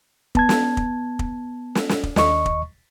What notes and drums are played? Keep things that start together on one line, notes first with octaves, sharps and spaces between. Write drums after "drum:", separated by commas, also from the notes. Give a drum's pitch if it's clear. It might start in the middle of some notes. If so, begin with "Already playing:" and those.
B3 A5 G#6, drum: kick
drum: snare
drum: kick
drum: kick
drum: snare
drum: snare
drum: kick
D#2 D#5 C#6, drum: snare
drum: kick